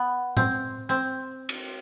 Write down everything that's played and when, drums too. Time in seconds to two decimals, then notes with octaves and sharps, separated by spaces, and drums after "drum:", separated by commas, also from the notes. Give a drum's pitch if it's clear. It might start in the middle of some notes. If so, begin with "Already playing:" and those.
Already playing: B3
0.37 C4, drum: tom A2
0.89 C4
1.49 drum: cymbal